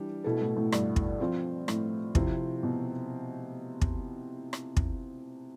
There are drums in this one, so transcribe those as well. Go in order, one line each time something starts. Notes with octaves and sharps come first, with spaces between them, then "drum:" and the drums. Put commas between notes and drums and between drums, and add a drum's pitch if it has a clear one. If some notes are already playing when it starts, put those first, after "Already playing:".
Already playing: E3 G3 D4 G4
B2 A3 E4 A4
A2
A2
G2, drum: rim click
drum: kick
F3 C4 F4
A2, drum: rim click
C3 F3 C4 E4, drum: kick
B2
drum: kick
drum: rim click
drum: kick